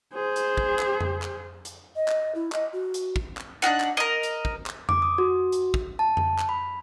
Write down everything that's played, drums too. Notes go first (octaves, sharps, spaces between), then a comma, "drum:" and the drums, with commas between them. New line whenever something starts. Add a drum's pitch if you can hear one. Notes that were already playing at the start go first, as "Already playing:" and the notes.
G#4 C5
drum: hi-hat
drum: kick
drum: clap
drum: tom F2
drum: clap
drum: hi-hat
D#5
drum: clap
E4
D#5, drum: clap
F#4
drum: hi-hat
drum: kick
drum: clap
D4 D#4 F#4 F#5
drum: clap
A#4 D#5
drum: hi-hat
drum: kick
drum: clap
D6, drum: tom F2
D#6
F#4
drum: hi-hat
drum: kick
A5
drum: tom F2
drum: clap
B5